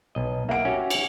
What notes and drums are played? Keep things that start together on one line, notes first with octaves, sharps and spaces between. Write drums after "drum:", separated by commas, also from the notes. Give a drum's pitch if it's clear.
B1 D#5
A#3 E5 F#5 D7
C#4 F#4 G4
drum: cymbal